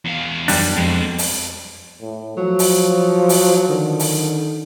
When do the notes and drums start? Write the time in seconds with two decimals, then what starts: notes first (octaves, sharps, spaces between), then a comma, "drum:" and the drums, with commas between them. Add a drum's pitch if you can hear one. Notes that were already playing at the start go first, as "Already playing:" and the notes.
0.05 E2 F5
0.48 F#2 G3 D4, drum: open hi-hat
0.77 F2 B2 G#3
1.18 drum: open hi-hat
2.02 A2
2.37 F3 F#3
2.59 drum: open hi-hat
3.29 drum: open hi-hat
3.69 D3 D#3
3.99 drum: open hi-hat